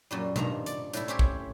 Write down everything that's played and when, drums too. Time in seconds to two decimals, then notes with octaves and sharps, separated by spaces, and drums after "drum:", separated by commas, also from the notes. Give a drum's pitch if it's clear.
0.11 F#2 A#2 G3
0.36 G2 D#3 F3 A#5, drum: tom B2
0.66 D5, drum: hi-hat
0.94 A2 G3 E4, drum: hi-hat
1.08 C4 C#4 E4 G4
1.19 drum: kick